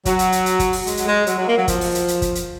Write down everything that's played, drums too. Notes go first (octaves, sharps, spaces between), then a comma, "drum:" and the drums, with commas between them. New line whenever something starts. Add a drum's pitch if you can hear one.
F#3, drum: kick, hi-hat
drum: hi-hat
drum: hi-hat
drum: hi-hat
drum: kick, hi-hat
drum: open hi-hat
G#3, drum: hi-hat
F#3, drum: hi-hat
G#3
F#3, drum: hi-hat
F#3
A#3
F#3
F3, drum: kick, hi-hat
drum: open hi-hat
drum: hi-hat
drum: hi-hat
drum: kick, hi-hat
drum: hi-hat